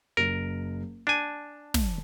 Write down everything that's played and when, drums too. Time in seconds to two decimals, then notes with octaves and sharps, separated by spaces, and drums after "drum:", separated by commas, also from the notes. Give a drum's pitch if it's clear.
0.17 F#1 A#4
1.07 D4 G#5 A5 E7
1.74 drum: snare